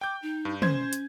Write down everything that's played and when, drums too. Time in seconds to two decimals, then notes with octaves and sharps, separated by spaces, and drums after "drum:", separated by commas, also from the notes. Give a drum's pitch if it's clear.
0.01 G5 D6 G6
0.22 D#4
0.45 G2
0.62 C#4 C5 G#6, drum: tom
0.93 drum: hi-hat